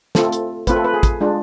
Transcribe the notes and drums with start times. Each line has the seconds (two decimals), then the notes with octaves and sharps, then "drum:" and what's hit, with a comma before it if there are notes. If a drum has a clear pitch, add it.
0.15 A3 C4 F4 A4, drum: snare
0.32 drum: hi-hat
0.67 A3 C4 F4 B4, drum: kick, hi-hat
0.76 A4
0.84 B4
0.94 G#4
1.03 drum: kick, hi-hat
1.21 G#3 D4 F4